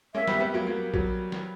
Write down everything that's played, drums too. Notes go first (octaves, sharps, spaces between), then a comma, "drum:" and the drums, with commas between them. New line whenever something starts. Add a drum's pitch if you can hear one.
A#3 C#4 E5
G3 B3, drum: snare
G3 B3
F#3 A#3
F#3 A#3
F#3, drum: kick A1
drum: snare